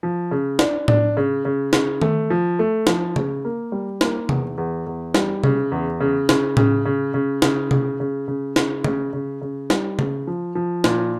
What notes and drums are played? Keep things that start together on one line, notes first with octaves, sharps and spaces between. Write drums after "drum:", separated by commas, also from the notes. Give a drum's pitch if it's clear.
F3
C#3
D4, drum: snare
D4, drum: tom A2
C#3
C#3
C#3, drum: snare
A3, drum: tom D#3
F3
A3
F3, drum: snare
C#3, drum: tom C#3
A#3
G3
A#3, drum: snare
E2, drum: tom C3
E2
E2
G3, drum: snare
C#3, drum: tom C3
E2
C#3
C#3, drum: snare
C#3, drum: tom A2
C#3
C#3
C#3, drum: snare
C#3, drum: tom C3
C#3
C#3
C#3, drum: snare
C#3, drum: tom C#3
C#3
C#3
G3, drum: snare
C#3, drum: tom C#3
F3
F3
A#2, drum: snare